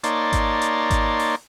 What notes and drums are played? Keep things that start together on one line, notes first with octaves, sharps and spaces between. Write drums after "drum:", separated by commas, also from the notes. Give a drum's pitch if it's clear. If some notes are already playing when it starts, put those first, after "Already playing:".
A#3 D#4 C#5 D5 A5 C6, drum: hi-hat
drum: kick G#1, hi-hat
drum: hi-hat
drum: kick G#1, hi-hat
drum: open hi-hat